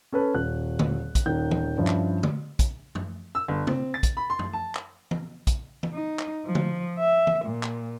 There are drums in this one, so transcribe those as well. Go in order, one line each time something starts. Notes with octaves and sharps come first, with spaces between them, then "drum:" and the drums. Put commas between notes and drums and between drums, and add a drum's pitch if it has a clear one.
C#4 A4 B4
D#1 F#6
drum: tom D3
drum: kick, hi-hat
D#1 D#3 G6
drum: tom E3
G2 F3 C#4 E4
drum: clap
drum: tom D3
drum: kick, hi-hat
drum: tom F#2
E6
G1
C4, drum: tom
A6
drum: kick, hi-hat
B5
C6
drum: tom F#2
A5
drum: clap
drum: tom E3
drum: kick, hi-hat
drum: tom E3
D#4
drum: clap
F3
drum: tom D3
E5
drum: tom E3
A#2
drum: clap